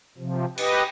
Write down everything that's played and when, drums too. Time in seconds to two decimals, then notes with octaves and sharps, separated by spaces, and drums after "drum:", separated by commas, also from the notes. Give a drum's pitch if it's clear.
0.18 C3 F3
0.58 G4 B4 D#5, drum: cymbal